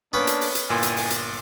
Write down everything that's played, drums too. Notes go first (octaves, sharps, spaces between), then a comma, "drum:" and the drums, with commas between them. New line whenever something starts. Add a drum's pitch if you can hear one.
A#3 B3 C#4 D4 B4
drum: hi-hat
drum: open hi-hat
drum: hi-hat
G1 A#2 E4 G5 G#5 C6
drum: hi-hat
drum: open hi-hat
drum: hi-hat